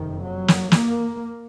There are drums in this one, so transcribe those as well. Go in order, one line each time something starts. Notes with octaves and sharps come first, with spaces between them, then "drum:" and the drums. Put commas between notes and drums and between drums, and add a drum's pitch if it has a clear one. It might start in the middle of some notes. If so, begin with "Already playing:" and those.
Already playing: F#1 F2 C3 D#3
F#3
drum: snare
A#3, drum: snare